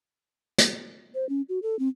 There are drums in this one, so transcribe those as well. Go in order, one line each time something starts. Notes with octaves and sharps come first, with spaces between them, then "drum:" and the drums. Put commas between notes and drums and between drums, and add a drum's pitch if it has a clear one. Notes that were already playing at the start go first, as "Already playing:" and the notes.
drum: hi-hat
C5
C#4
F#4
A4
C4